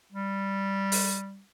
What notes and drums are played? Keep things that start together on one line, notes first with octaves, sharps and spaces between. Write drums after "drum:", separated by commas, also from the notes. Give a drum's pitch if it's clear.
G3
drum: open hi-hat